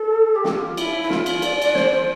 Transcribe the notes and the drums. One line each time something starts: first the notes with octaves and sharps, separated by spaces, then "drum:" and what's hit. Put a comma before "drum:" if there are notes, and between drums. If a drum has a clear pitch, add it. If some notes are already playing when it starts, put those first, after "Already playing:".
Already playing: A4
G4
F4, drum: snare
E4, drum: cymbal
E4
F4, drum: snare
drum: cymbal
D5, drum: cymbal
D5, drum: cymbal
C5, drum: snare
C5